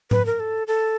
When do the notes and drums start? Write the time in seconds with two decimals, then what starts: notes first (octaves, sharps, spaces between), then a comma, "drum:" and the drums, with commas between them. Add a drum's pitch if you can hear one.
0.11 B4, drum: tom G#2
0.26 A#4
0.40 A4
0.67 A4